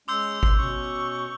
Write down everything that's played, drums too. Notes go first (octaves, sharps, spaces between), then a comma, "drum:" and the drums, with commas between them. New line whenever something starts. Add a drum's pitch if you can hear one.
G#3 C#4 C6 D6 E6 G6
drum: kick G#1
B2 C#4 C#6